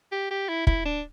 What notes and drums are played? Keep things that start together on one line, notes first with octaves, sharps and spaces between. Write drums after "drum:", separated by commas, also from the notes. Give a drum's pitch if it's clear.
G4
G4
E4
E4, drum: kick
D4